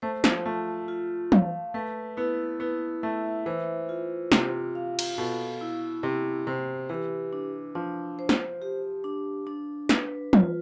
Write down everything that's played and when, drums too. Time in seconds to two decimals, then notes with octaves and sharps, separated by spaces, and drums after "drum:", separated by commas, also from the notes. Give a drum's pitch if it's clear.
0.02 A3 C5
0.24 F3, drum: snare
0.46 A3 F4
0.88 F4
1.32 F5, drum: tom
1.74 A3 B4
2.17 B3 E4
2.60 B3 E4
3.03 A3 E5
3.46 E3 C5
3.89 F4
4.32 C3 F4, drum: snare
4.75 F5
4.99 drum: cymbal
5.18 B2 A4
5.61 E4
6.03 C3 E4
6.47 C3 C5
6.89 E3 G4
7.33 D4
7.75 F3 D4
8.19 C5
8.29 drum: snare
8.62 G4
9.04 D4
9.47 D4
9.89 B4, drum: snare
10.33 F4, drum: tom